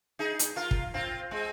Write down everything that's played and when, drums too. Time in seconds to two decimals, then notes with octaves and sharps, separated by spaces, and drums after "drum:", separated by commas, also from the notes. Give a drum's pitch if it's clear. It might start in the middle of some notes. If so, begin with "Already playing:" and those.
0.19 D#4 G#4
0.39 drum: hi-hat
0.56 F4 A#4
0.71 drum: kick
0.94 C4 F4
1.31 G#3 C4